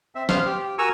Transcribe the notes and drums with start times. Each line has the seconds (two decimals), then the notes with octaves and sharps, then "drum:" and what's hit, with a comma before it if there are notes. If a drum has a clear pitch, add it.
0.15 C4 E5
0.29 B3 C5 F5 F6, drum: snare
0.46 G4
0.59 G4
0.78 F#4 A#4 G#5 A#5 C#6 E6